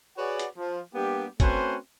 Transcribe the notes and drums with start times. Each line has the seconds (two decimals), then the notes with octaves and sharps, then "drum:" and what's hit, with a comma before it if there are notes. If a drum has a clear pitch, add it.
0.17 F#4 G#4 B4 C#5 D5 F#5
0.39 drum: hi-hat
0.57 F3
0.94 G3 A#3 B3 D4 G4
1.40 A3 C4 C#4 F#4 B4 C5, drum: kick, hi-hat